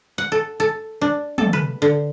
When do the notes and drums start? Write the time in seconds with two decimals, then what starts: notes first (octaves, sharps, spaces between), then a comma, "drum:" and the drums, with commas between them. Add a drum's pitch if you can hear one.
0.18 F#5
0.32 A4
0.60 A4
1.01 D4
1.38 A4, drum: tom
1.53 B4
1.82 D3